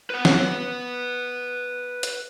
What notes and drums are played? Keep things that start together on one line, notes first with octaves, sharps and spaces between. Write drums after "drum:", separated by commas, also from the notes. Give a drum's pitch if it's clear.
B4 F#5
drum: snare
drum: hi-hat